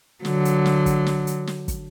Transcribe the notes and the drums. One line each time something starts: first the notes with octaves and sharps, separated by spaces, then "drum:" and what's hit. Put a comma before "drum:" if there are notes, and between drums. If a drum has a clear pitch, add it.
D3 F#3, drum: snare
drum: hi-hat
drum: snare
drum: kick, hi-hat
drum: snare
drum: hi-hat
drum: snare
drum: kick, hi-hat